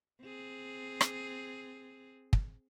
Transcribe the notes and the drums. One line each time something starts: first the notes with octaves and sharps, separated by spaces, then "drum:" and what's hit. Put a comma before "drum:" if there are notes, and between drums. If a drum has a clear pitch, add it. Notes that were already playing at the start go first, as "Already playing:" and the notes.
C4 G#4
drum: rim click
drum: kick